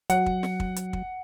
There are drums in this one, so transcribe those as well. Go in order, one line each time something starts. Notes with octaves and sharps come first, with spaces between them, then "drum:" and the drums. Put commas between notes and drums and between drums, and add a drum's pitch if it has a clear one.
F#3 F#5, drum: hi-hat
drum: kick
drum: snare
drum: kick
drum: hi-hat
drum: kick